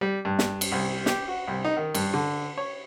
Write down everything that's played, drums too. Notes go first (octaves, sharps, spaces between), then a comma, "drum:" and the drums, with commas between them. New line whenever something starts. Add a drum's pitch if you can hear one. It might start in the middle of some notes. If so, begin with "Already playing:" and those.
G3
G2
drum: snare
drum: cymbal
C2
G4, drum: snare
F#4
C2
D#4
D#3
G2, drum: cymbal
D3
C#5